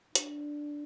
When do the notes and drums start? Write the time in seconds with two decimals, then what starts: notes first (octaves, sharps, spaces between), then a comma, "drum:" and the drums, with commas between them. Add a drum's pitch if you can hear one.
0.15 D4, drum: hi-hat